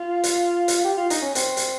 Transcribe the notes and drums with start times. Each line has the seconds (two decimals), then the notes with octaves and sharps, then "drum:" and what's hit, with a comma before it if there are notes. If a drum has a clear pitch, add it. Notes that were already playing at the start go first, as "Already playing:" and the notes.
Already playing: F4
0.24 drum: hi-hat
0.68 drum: hi-hat
0.84 G4
0.97 F4
1.10 D#4, drum: hi-hat
1.22 C#4
1.35 C4, drum: hi-hat
1.57 drum: hi-hat